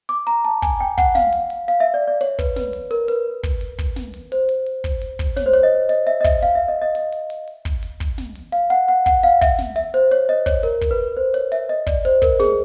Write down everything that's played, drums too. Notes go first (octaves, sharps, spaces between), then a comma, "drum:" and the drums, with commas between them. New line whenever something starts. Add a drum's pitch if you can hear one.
D6, drum: hi-hat
A#5, drum: hi-hat
A5, drum: open hi-hat
G#5, drum: kick, hi-hat
G5
F#5, drum: kick, hi-hat
F5, drum: snare
drum: hi-hat
drum: hi-hat
F5, drum: hi-hat
E5
D5
D5
C#5, drum: hi-hat
B4, drum: kick, hi-hat
B4, drum: snare
drum: hi-hat
A#4, drum: hi-hat
B4, drum: hi-hat
drum: kick, hi-hat
drum: hi-hat
drum: kick, hi-hat
drum: snare
drum: hi-hat
C5, drum: hi-hat
drum: hi-hat
drum: open hi-hat
drum: kick, hi-hat
drum: hi-hat
drum: kick, hi-hat
C#5, drum: snare
C5
C#5, drum: hi-hat
D#5
D#5, drum: hi-hat
E5, drum: open hi-hat
D#5
E5, drum: kick, hi-hat
F5, drum: hi-hat
E5
D#5
D#5
D#5, drum: hi-hat
drum: hi-hat
drum: hi-hat
drum: open hi-hat
drum: kick, hi-hat
drum: hi-hat
drum: kick, hi-hat
drum: snare
drum: hi-hat
F5, drum: hi-hat
F#5, drum: hi-hat
F#5, drum: open hi-hat
F#5, drum: kick
F5, drum: hi-hat
E5, drum: kick, hi-hat
drum: snare
E5, drum: hi-hat
C5, drum: hi-hat
C#5, drum: hi-hat
D#5, drum: open hi-hat
C#5, drum: kick, hi-hat
A#4, drum: hi-hat
drum: kick, hi-hat
B4
C5
C#5, drum: hi-hat
E5, drum: hi-hat
D#5, drum: open hi-hat
D5, drum: kick, hi-hat
C5, drum: hi-hat
A#4, drum: kick, hi-hat
G#4, drum: snare